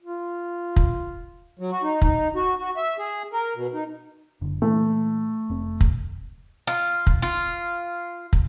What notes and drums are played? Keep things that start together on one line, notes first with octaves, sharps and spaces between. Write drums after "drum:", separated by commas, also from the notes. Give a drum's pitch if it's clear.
F4
drum: kick
F#3
F#4
D#4
D#4, drum: kick
F#4
F#4
E5
G#4
A#4
B2
D#4
F#1 D3
A#2 E3 A3
F1 C4
drum: kick
F4
drum: kick
F4
drum: kick